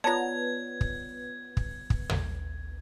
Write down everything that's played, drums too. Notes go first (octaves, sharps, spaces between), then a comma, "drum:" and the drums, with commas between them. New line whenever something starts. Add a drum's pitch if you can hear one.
B3 F4 C#5 D5 A5 A#5 G#6
drum: kick
drum: kick
drum: kick
drum: tom